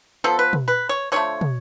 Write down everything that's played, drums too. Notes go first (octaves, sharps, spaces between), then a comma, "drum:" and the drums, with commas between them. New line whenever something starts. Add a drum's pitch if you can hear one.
F3 B3 A4
B4
drum: tom
B4
C#5
D3 F3 A3 C#5
drum: tom